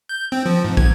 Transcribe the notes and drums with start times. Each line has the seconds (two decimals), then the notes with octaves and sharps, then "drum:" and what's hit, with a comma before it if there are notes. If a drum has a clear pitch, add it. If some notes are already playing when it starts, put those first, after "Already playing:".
0.09 G6
0.32 C4
0.46 F3
0.64 G#2
0.77 G#6, drum: kick